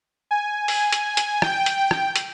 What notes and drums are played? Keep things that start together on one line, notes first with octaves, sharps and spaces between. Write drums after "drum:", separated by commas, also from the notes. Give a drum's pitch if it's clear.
G#5
G#5, drum: open hi-hat
drum: hi-hat
drum: hi-hat
G5, drum: rim click
drum: hi-hat
drum: rim click
drum: hi-hat